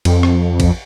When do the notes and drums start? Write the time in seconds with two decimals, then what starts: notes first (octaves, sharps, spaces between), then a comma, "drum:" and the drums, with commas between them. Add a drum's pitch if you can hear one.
0.05 F2, drum: cymbal
0.23 drum: rim click
0.60 drum: kick, cymbal